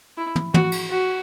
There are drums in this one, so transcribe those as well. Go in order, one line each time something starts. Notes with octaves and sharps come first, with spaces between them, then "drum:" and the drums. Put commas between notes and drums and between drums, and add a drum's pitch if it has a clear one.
E4
drum: tom
F#4, drum: tom
drum: cymbal
F#4